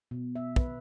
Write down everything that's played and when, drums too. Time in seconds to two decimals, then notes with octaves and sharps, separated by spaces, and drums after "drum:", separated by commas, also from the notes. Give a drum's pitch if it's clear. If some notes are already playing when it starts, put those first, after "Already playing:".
0.11 B2
0.35 E5
0.56 B4, drum: kick